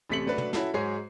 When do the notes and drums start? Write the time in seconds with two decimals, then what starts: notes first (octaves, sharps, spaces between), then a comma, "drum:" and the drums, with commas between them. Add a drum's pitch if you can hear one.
0.10 A1 C3 A3 B6 C#7 F#7
0.27 F#3 A3 D4 F#4 B4
0.38 drum: tom
0.53 C#4 E4 F#4 A4, drum: snare
0.74 G#2 F#3 G#3 G#4 C#5 C7